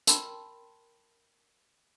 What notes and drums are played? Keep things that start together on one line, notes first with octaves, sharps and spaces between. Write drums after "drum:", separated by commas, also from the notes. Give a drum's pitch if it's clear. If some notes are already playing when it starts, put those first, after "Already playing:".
A#4 G5 A5 B5 C6, drum: hi-hat